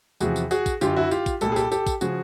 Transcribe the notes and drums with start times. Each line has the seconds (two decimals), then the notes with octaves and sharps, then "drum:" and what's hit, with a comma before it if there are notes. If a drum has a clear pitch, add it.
0.20 E2 C3 F3 F#4 G#4, drum: tambourine
0.36 drum: tambourine
0.51 F#4 G#4, drum: tambourine
0.66 drum: kick, tambourine
0.81 F#2 D3 F#3 F4 G4, drum: tambourine
0.96 E4 F#4
1.11 F4 G4, drum: tambourine
1.26 drum: kick, tambourine
1.41 C2 A#2 G3 G4 A4, drum: tambourine
1.52 G#4
1.56 G4 A4, drum: tambourine
1.72 G4 A4, drum: tambourine
1.87 drum: kick, tambourine
2.01 C#3 F3 F#4 G#4, drum: tambourine